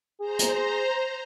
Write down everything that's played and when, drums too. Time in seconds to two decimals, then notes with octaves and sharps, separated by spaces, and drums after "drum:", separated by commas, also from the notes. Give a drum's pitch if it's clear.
0.21 G#4 C5 A#5
0.39 drum: hi-hat